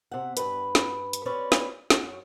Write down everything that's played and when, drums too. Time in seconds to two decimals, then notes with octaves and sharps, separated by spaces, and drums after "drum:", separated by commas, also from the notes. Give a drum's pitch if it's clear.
0.11 C3 F#5
0.37 G2 B4, drum: hi-hat
0.75 drum: snare
1.13 drum: hi-hat
1.25 C4 C#4 B4 C#5 D5
1.52 drum: snare
1.90 F#2 A4 C#5, drum: snare